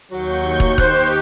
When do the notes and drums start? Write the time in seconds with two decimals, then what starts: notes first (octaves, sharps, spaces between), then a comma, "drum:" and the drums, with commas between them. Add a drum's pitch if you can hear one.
0.11 D#2 F#3 C#6 G6
0.60 drum: kick
0.78 D#4 G4 C5 F#6 G6, drum: kick